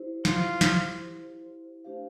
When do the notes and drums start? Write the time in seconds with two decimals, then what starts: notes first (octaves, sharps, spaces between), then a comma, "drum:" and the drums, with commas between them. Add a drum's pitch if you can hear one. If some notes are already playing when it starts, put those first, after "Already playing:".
Already playing: E4 G4 C5
0.25 F4, drum: snare
0.61 drum: snare
1.84 A3 D4 G4 C5 F5